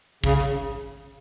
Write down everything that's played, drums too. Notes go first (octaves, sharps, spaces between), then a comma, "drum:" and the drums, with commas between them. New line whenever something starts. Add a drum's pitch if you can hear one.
C#3, drum: kick
drum: hi-hat